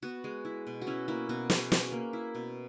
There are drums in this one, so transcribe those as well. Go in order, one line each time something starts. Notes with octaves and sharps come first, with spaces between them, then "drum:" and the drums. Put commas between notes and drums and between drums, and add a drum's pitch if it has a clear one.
B3 F#4
G#3
E4
B2
F#4
C#4 E4
A#3 E4
B2 F#4
B2 G#4, drum: snare
C#4, drum: snare
A#3
E4
B2